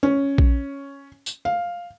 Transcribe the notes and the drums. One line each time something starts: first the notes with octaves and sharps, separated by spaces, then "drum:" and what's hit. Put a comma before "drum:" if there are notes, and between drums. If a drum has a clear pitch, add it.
C#4
drum: kick A#1
drum: tambourine
F5